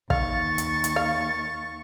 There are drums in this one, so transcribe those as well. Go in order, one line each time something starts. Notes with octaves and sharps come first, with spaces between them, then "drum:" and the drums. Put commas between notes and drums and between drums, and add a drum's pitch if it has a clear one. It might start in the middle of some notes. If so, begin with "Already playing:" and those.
D#2 F5 C#6 A6, drum: kick
drum: hi-hat
drum: hi-hat
F5